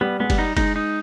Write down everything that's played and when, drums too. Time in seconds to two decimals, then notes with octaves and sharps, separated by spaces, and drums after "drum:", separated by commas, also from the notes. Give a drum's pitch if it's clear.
0.01 G3 B3
0.20 G#3 B3
0.30 G3, drum: kick, cymbal
0.38 D#4
0.57 G#3 D#4, drum: kick, cymbal
0.76 D#4